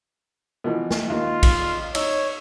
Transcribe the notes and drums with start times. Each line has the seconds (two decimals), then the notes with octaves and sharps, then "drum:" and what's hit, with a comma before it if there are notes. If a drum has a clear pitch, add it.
0.64 B2 E3 F3
0.91 drum: snare
1.10 D#2 F4
1.43 drum: kick A#1, cymbal
1.95 D#4 C#5 E6, drum: cymbal